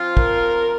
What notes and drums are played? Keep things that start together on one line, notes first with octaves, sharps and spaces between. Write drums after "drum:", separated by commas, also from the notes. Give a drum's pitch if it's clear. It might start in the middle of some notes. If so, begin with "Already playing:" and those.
Already playing: F3 C4 F4
A#4, drum: kick